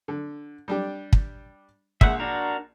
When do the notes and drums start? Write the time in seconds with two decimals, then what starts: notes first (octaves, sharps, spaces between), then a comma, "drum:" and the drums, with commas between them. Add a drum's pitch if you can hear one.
0.08 D3
0.68 G3 D4 G4
1.13 drum: kick
2.01 A#1 G#3 E5 F#5, drum: kick
2.20 D4 F#4 A#4